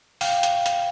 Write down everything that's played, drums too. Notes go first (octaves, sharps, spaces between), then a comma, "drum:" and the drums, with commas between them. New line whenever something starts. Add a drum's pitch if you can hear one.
F5 G5, drum: open hi-hat
drum: hi-hat
drum: hi-hat